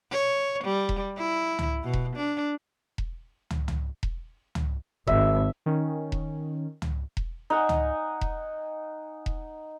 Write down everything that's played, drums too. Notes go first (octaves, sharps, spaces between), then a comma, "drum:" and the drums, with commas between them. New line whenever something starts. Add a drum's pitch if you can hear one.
C#5
G3
drum: kick E1
E4
drum: tom
B2
drum: kick E1
D4
drum: kick E1
drum: tom
drum: tom
drum: kick E1
drum: tom
G#1 E5, drum: kick E1
D#3 C#4
drum: kick E1
drum: tom
drum: kick E1
D#4 F#5 G#5
drum: tom
drum: kick E1
drum: kick E1